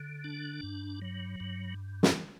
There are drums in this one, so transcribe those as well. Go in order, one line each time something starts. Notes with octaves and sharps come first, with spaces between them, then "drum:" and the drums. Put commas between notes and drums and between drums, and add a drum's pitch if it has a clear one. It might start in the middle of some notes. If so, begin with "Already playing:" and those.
Already playing: D3
D4
G2
F#3
G2
drum: snare